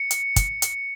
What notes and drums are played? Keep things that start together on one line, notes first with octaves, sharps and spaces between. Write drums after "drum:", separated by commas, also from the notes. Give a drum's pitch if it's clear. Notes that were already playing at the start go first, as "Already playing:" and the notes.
Already playing: C#7
drum: hi-hat
drum: kick, hi-hat
drum: hi-hat